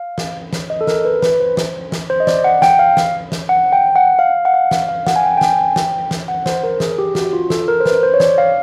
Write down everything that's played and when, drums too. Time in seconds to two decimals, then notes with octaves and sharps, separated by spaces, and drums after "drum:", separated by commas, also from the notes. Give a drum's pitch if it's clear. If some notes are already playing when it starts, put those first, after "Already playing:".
Already playing: F5
0.18 drum: snare
0.53 drum: snare
0.70 D#5
0.81 A4
0.87 A#4, drum: snare
1.05 B4
1.23 B4, drum: snare
1.40 C5
1.57 drum: snare
1.92 drum: snare
2.10 C5
2.20 D#5
2.27 D5, drum: snare
2.44 F#5
2.62 G5, drum: snare
2.79 F5
2.97 drum: snare
3.32 drum: snare
3.49 F#5
3.73 G5
3.96 F#5
4.19 F5
4.45 F#5
4.54 F5
4.71 drum: snare
4.89 F5
5.07 F#5, drum: snare
5.16 G#5
5.24 G5
5.37 G5
5.41 G#5, drum: snare
5.59 G5
5.76 drum: snare
6.11 drum: snare
6.28 F#5
6.46 C5, drum: snare
6.63 A#4
6.80 G#4, drum: snare
6.98 G4
7.15 F#4, drum: snare
7.33 F4
7.50 A4, drum: snare
7.68 A#4
7.80 C5
7.86 B4, drum: snare
8.03 C5
8.14 C#5
8.20 D5, drum: snare
8.38 F5